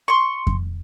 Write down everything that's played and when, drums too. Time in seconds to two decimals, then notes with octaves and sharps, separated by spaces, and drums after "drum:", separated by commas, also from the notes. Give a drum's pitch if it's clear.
0.08 C6 C#6
0.47 drum: kick F2